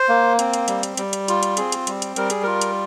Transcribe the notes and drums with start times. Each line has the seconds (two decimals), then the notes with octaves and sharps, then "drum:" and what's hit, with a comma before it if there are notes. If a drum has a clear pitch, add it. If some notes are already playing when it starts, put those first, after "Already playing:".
Already playing: C5
0.09 A#3
0.39 C4, drum: hi-hat
0.54 drum: hi-hat
0.68 G3, drum: hi-hat
0.83 drum: hi-hat
0.97 G3, drum: hi-hat
1.13 drum: hi-hat
1.28 F4, drum: hi-hat
1.43 drum: hi-hat
1.57 C4 G#4, drum: hi-hat
1.72 drum: hi-hat
1.87 G3, drum: hi-hat
2.02 drum: hi-hat
2.16 G3 A#4, drum: hi-hat
2.30 G#4, drum: hi-hat
2.43 F4 A#4
2.61 drum: hi-hat